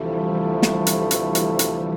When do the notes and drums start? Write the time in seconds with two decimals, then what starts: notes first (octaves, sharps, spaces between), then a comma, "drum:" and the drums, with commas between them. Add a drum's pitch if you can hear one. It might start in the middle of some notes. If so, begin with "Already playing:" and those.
Already playing: D2 C3 E3 F3 G3 A3 E4
0.26 E3 G3
0.62 drum: snare
0.87 drum: hi-hat
1.11 drum: hi-hat
1.35 drum: hi-hat
1.59 drum: hi-hat